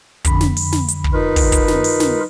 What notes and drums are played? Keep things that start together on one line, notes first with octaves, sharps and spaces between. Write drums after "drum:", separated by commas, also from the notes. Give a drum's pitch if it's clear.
F2 D3 B5, drum: kick, hi-hat
drum: snare
drum: open hi-hat
drum: snare
drum: hi-hat
drum: kick
D#4 F4 A#4 B4
drum: kick, open hi-hat
drum: kick, hi-hat
drum: snare
drum: open hi-hat
drum: snare